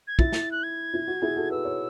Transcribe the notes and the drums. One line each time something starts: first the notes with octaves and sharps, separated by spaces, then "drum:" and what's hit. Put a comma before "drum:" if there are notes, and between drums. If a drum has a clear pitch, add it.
G#6
E4 A6, drum: kick
drum: snare
F#6
G#6
E4
F#4
E4 G#4
F#4 A4
B4 E6
C#5